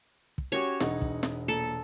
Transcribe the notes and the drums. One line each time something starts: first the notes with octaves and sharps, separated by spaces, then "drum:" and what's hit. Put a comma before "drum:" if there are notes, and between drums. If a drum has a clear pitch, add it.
drum: kick
C#4 F#4 G4 C#5
E1 D#4 F#5, drum: snare
drum: kick
drum: snare
A#2 A4